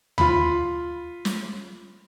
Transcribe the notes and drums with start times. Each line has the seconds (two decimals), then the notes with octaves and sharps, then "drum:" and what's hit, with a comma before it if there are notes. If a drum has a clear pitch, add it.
0.18 F4 B5, drum: tom D2
1.25 drum: snare